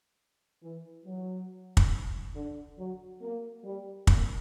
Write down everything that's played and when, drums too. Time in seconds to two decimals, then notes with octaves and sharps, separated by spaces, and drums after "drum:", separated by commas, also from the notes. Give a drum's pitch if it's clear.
0.62 E3
1.05 F#3
1.77 drum: kick
2.34 D3
2.78 F#3
3.21 A#3
3.63 G3
4.07 A#3, drum: kick